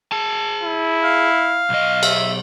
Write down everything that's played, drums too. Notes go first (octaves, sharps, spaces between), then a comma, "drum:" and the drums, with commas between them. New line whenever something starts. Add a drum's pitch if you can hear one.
G#4 A5
E4
F5
B1 D#5
E5, drum: cymbal